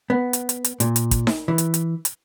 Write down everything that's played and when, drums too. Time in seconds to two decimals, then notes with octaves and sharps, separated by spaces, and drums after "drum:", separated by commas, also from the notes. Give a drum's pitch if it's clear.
0.10 B3
0.33 drum: hi-hat
0.49 drum: hi-hat
0.64 drum: hi-hat
0.80 A#2, drum: hi-hat
0.96 drum: hi-hat
1.11 drum: kick, hi-hat
1.27 drum: snare D#4
1.48 E3
1.58 drum: hi-hat
1.74 drum: hi-hat
2.05 drum: hi-hat